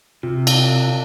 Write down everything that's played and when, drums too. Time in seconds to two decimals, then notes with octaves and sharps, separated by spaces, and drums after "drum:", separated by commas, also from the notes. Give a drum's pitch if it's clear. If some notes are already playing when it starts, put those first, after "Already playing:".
0.23 C3 F4
0.47 F5, drum: cymbal
0.70 F4